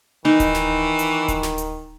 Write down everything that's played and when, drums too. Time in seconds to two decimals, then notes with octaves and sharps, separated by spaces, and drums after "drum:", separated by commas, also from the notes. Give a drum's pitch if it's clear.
0.25 D#3 E3 D#4
0.40 drum: kick D1, hi-hat
0.55 drum: snare
0.99 drum: hi-hat
1.28 drum: kick D1, hi-hat
1.43 drum: snare
1.58 drum: hi-hat